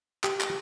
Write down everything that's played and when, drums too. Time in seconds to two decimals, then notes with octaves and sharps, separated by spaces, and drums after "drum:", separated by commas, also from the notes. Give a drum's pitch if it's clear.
0.24 G4, drum: clap
0.41 drum: clap